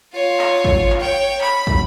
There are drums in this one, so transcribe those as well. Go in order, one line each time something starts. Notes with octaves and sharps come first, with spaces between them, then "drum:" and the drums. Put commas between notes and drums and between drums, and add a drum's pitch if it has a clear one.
F4 C#5
drum: clap
drum: kick
drum: clap
C#5 G5
B5, drum: clap
drum: kick